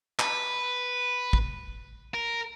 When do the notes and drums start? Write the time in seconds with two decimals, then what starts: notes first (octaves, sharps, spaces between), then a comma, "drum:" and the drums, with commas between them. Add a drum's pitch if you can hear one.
0.19 B4, drum: clap
1.33 drum: kick
2.14 A#4